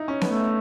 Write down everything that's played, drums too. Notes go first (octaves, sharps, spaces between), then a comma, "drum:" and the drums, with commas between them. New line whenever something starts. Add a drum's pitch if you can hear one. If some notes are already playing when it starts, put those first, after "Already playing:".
Already playing: D#4 E4
C#4
A3 B3, drum: snare B3